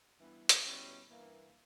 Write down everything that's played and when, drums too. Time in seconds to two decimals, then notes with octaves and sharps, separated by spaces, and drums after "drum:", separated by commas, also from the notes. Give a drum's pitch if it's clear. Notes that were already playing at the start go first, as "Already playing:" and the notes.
0.19 G2 E3 B3 E4
0.49 drum: hi-hat
0.64 B2 G3 C#4 E4 G4
1.09 G2 E3 A#3